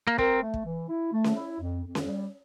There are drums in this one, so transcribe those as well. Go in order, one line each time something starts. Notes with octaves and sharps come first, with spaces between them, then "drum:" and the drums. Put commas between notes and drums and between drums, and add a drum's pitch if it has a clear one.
A#3
C4 A#4, drum: kick
A3
drum: kick
E3
E4
A3
drum: snare C#4
E4
F2
F2
drum: snare C#4
G3